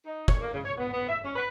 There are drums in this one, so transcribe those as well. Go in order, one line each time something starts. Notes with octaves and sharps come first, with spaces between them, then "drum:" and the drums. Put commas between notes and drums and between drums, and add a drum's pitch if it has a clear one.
D#4
C#5, drum: kick
A#3
C#3
C#5
B3
B3
E5
C#4
B4